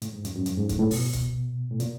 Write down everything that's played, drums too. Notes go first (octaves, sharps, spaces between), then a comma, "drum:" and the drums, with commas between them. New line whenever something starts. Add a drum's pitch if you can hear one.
A2, drum: hi-hat
G#2
F#2, drum: hi-hat
F#2
G2, drum: hi-hat
G#2
A2, drum: kick, hi-hat
A2
B2, drum: open hi-hat
drum: kick, hi-hat
A2
A#2, drum: hi-hat